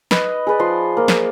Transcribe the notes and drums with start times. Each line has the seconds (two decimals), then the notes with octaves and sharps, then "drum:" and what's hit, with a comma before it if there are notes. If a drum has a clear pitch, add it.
0.11 B4 D#5, drum: snare
0.47 G#4 B4 D5
0.59 F3 C6
0.97 F3 A#3
1.08 drum: snare